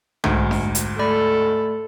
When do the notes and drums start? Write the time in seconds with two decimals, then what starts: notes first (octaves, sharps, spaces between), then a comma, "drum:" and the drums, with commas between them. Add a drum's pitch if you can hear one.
0.24 D2 G#2, drum: tom B1
0.51 drum: snare D4
0.75 drum: hi-hat
0.99 A3 A4 D5 B5